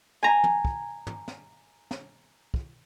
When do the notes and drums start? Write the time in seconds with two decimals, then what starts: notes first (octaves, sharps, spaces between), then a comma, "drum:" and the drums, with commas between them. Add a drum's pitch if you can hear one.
0.23 G#5 A#5
0.44 drum: tom
0.65 drum: kick
1.07 drum: tom
1.28 drum: snare
1.91 drum: snare
2.54 drum: kick